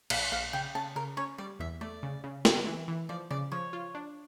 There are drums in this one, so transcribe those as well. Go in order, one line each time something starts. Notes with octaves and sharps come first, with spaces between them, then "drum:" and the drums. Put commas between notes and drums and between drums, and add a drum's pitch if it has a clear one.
A#1 F5, drum: cymbal
A#1 F5
C#3 G5
C#3 A5
C#3 A#4
C#4 C#5
G3 D5
E2 E5
A3 D5
C#3
C#3
A3, drum: snare
E3
E3
F3 D5
C#3 D5
F3 C#5
F4
D4